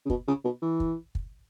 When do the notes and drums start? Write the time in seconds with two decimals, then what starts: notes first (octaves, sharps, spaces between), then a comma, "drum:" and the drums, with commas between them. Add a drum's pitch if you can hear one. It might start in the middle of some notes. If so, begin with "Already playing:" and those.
0.06 C#3
0.10 B2, drum: kick
0.27 C#3
0.45 B2
0.62 E3
0.80 drum: kick
1.15 drum: kick